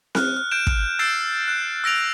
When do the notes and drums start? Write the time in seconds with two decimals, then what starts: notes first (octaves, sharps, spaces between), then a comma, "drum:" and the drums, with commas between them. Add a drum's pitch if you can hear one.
0.15 F6 F#6, drum: snare C4
0.36 F6
0.51 F#6 G6 D7 E7
0.67 drum: kick
0.99 E6 G6 A6 C7 D7 E7
1.48 F#6 G6
1.84 E6 A#6 D7 F7